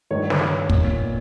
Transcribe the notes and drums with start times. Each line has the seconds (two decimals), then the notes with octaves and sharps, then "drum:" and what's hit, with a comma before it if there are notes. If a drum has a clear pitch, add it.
0.10 G2 D#3 C#5
0.30 drum: snare
0.70 A#2, drum: kick